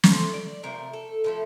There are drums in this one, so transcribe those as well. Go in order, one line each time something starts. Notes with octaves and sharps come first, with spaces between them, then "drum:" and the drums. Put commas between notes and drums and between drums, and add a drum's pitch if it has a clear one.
C3 F3 A3 C5, drum: snare
D5
C3 F3 A3 A#4
A4
A2 F3 A3 A4